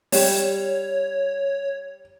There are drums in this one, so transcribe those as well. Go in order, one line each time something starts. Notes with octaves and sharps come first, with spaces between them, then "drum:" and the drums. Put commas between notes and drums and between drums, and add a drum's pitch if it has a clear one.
G3 C#5, drum: open hi-hat